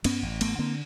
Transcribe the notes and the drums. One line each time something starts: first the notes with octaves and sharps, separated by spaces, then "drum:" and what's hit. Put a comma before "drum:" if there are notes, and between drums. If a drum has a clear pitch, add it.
G2 B3 C#4, drum: cymbal
A1
A1 A3 B3, drum: cymbal
D3 A#3 C4